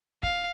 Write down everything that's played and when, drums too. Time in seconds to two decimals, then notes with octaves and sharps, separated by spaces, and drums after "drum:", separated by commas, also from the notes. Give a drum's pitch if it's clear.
0.23 F5, drum: kick